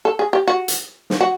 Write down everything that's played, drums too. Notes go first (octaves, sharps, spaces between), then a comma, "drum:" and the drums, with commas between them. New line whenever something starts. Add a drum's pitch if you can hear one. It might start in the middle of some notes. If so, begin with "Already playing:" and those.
A4
G#4
G4
F#4
drum: hi-hat
drum: snare
F#4